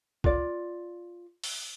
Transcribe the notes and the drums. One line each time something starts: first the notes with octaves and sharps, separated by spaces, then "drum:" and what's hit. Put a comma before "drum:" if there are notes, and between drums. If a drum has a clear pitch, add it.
F4 D5, drum: kick
drum: open hi-hat